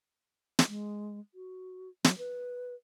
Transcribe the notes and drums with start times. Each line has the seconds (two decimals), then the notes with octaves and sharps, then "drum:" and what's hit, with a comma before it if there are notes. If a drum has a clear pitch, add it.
0.59 drum: snare
0.68 G#3
1.35 F#4
2.04 F#3, drum: snare
2.18 B4